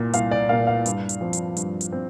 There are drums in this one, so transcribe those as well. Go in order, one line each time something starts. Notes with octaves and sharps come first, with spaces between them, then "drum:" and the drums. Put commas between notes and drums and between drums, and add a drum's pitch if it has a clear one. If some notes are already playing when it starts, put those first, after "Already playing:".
Already playing: C2 A#2 A#3
C2 F5, drum: hi-hat
D5
A#2 A#3 F5
F5
G2, drum: hi-hat
drum: hi-hat
F3 C4
drum: hi-hat
G2, drum: hi-hat
drum: hi-hat
C4